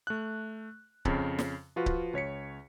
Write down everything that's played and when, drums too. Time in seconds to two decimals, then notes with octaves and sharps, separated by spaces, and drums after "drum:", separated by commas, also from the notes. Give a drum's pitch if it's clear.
0.07 A3 F#6
1.05 F2 C#3, drum: kick C#1
1.39 drum: snare
1.76 F3 F4 F#4 B4
1.86 drum: kick C#1
2.13 C#2 C#5 B6 C#7